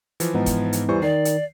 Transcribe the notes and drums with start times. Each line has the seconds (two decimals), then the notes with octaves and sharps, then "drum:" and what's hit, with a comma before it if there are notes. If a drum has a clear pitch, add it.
0.20 E3 F3, drum: hi-hat
0.34 G#2 B3 D#4
0.46 drum: kick, hi-hat
0.73 drum: hi-hat
0.89 E2 E3 G3 C5 C#6
1.03 D#3 D5 C7
1.25 drum: hi-hat